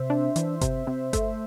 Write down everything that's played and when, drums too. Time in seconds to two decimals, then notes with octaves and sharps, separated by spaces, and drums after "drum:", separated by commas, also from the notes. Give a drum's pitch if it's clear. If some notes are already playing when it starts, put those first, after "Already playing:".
Already playing: C3 C5 E5
0.10 D4
0.36 E3, drum: hi-hat
0.61 C3, drum: kick G1, hi-hat
0.87 C3
1.13 A3, drum: kick G1, hi-hat